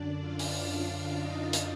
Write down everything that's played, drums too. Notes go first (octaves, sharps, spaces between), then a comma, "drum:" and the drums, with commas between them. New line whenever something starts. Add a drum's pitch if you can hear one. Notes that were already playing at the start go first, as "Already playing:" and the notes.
Already playing: F#2 D3 D4 D5
F4 F5
drum: open hi-hat
D#4 D#5
drum: hi-hat